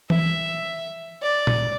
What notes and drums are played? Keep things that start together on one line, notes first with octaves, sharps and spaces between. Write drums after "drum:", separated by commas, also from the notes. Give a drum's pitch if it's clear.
E5, drum: tom E3
D5
drum: tom A#2